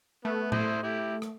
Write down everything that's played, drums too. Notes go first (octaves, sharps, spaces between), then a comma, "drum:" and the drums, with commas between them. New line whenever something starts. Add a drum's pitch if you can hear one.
A3 B3
E4 C5 D#6, drum: tom A2
E4 G4
drum: rim click